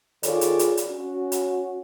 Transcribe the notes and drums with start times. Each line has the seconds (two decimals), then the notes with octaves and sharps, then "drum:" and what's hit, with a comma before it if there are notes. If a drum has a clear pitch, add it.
0.23 D#3 F4 G#4 A4 C#5 D5, drum: hi-hat
0.41 drum: hi-hat
0.59 drum: hi-hat
0.77 drum: hi-hat
0.88 C#4 F#4
1.32 drum: hi-hat